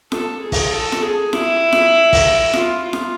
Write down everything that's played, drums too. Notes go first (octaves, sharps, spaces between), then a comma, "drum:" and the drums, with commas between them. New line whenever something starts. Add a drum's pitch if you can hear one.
A4, drum: snare F4
G#4
drum: kick, open hi-hat
A4
drum: snare F4
G#4
E4, drum: snare F4
drum: snare F4
drum: kick, open hi-hat
F4, drum: snare F4
F4
drum: snare F4